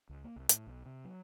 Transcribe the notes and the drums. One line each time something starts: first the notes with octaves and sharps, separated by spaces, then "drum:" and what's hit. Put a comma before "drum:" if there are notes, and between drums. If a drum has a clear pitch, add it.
C#2
A#3
C2
A2, drum: hi-hat
B1
C3
F#3